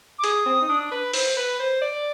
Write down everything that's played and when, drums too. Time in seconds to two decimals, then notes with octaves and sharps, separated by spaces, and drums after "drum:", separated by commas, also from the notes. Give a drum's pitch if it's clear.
0.19 D6
0.24 G#4 D#6, drum: hi-hat
0.46 C4
0.61 D#4
0.69 D4
0.92 B4
1.14 C5, drum: open hi-hat
1.37 B4
1.59 C5
1.81 D5